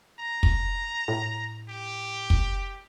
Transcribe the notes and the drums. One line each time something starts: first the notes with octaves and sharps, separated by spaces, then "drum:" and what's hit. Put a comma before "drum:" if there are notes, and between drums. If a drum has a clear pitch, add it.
A#5
drum: kick
A2
G4
drum: kick